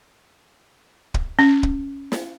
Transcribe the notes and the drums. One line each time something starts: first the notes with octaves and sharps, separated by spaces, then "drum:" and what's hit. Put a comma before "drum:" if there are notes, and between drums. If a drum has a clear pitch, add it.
drum: kick
C#4
drum: kick
drum: snare